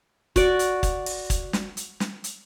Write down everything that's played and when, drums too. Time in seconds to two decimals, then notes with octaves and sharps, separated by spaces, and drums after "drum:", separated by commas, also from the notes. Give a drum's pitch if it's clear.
0.36 F#4 D5, drum: kick, hi-hat
0.59 drum: hi-hat
0.83 drum: kick, hi-hat
1.06 drum: open hi-hat
1.30 drum: kick, hi-hat
1.53 drum: snare
1.77 drum: hi-hat
2.00 drum: snare
2.24 drum: hi-hat